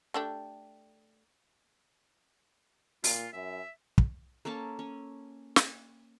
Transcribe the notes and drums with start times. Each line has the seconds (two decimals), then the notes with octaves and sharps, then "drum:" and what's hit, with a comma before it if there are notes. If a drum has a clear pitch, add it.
0.14 A3 D4 G4
3.04 A#2 F4, drum: open hi-hat
3.33 F#2 E5
3.98 drum: kick
4.45 A#3 C#4 A4 A5
4.79 C#4
5.56 drum: snare